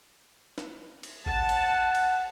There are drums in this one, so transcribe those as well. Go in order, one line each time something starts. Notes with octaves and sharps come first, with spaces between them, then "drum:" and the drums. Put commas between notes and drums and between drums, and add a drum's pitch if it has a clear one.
drum: snare
drum: cymbal
F#5 A5, drum: kick A1
drum: cymbal
drum: cymbal